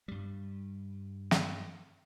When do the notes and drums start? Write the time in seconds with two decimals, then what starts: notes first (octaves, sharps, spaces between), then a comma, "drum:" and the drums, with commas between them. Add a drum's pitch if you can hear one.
0.08 G2 G3
1.31 drum: snare